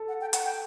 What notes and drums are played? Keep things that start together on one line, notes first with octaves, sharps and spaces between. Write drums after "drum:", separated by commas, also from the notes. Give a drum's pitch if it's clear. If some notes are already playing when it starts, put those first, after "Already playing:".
Already playing: A4
F#5
G5
F#5, drum: hi-hat
G5